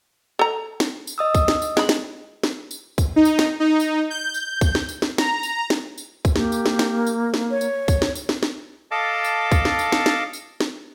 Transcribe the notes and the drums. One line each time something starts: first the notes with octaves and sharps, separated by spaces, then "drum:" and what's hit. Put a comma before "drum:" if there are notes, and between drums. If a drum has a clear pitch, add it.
A4 A#5
drum: snare
drum: tambourine
D#5 D#6 E6
drum: kick, tambourine
drum: snare
drum: tambourine
G#3 B5, drum: snare
drum: snare
drum: snare
drum: tambourine
drum: kick, tambourine
D#4
drum: tambourine
drum: snare
D#4
drum: tambourine
G6
drum: tambourine
drum: kick, tambourine
drum: snare
drum: tambourine
drum: snare
A#5, drum: snare
drum: tambourine
drum: snare
drum: tambourine
drum: kick, tambourine
A#3 G4, drum: snare
drum: tambourine
drum: snare
drum: snare
drum: tambourine
drum: snare
C#5
drum: tambourine
drum: kick, tambourine
drum: snare
drum: tambourine
drum: snare
drum: snare
A4 D#5 F5 A5 D6 E6
drum: tambourine
drum: kick, tambourine
drum: snare
drum: tambourine
drum: snare
drum: snare
drum: tambourine
drum: snare